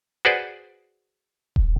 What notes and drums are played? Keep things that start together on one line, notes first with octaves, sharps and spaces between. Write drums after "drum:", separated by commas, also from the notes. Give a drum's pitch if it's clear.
F#4 G#4 B4 C5 D5
drum: kick D#1